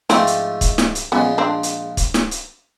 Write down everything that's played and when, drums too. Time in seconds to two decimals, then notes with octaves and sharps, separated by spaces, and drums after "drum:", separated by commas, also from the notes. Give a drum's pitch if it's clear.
0.10 G#2 F3 A3 C4 D4, drum: snare
0.27 drum: hi-hat
0.61 drum: kick, hi-hat
0.78 drum: snare
0.95 drum: hi-hat
1.12 A#1 A#2 F3 G#3 B3 C#4
1.38 C4 D4
1.63 drum: hi-hat
1.97 drum: kick, hi-hat
2.14 drum: snare
2.31 drum: hi-hat